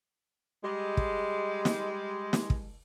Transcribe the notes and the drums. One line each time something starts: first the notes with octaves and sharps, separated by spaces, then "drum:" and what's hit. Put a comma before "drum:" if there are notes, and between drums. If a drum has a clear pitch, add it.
G3 G#3
drum: kick
drum: snare
drum: snare
drum: kick